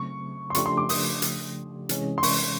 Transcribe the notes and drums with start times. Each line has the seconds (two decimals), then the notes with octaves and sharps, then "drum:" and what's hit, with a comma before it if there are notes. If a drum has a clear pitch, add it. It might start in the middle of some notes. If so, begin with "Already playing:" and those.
Already playing: C#3 F#3 A3 C4 C#6
0.50 C6
0.55 C#3 F3 A3 D4 G4 C#6, drum: hi-hat
0.66 C6
0.77 D6
0.89 D#6, drum: open hi-hat
1.22 drum: hi-hat
1.89 C3 E3 G#3 C#4, drum: hi-hat
2.18 C6
2.23 C#6, drum: open hi-hat